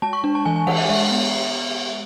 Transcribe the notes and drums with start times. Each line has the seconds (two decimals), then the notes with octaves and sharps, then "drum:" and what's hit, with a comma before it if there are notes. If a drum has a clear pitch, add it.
0.02 G#3 A5
0.13 C#6
0.24 D4
0.35 A5
0.45 E3 G#5
0.56 G#5
0.67 E3 F#5, drum: cymbal
0.78 E5
0.89 G#3 E5
1.11 B3